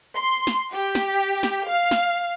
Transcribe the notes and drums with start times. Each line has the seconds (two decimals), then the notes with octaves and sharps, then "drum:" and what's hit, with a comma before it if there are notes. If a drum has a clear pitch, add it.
0.15 C6
0.47 drum: snare
0.72 G4
0.95 drum: snare
1.43 drum: snare
1.66 F5
1.91 drum: snare